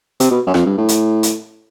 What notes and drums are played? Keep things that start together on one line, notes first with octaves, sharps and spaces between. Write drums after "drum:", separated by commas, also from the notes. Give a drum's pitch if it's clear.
C3, drum: hi-hat
B2
F#2
F2, drum: rim click
G2
A2
drum: hi-hat
drum: hi-hat